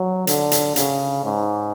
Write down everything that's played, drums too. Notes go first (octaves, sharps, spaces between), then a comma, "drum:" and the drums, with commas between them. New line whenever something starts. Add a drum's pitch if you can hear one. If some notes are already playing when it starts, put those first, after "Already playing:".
Already playing: F#3
D3, drum: hi-hat
drum: hi-hat
C#3, drum: hi-hat
G#2